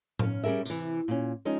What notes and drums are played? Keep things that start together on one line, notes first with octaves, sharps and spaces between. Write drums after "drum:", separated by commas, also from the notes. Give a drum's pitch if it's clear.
C#4 F5, drum: tom A2
G3 C#4 G#4 A#4 E5
C3 E3, drum: tambourine
A#2 C#4
F3 G#3 C#4 D#4